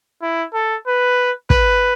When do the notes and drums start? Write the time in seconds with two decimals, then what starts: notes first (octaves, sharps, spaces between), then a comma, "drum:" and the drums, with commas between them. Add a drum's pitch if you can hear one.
0.22 E4
0.54 A4
0.87 B4
1.50 B4, drum: kick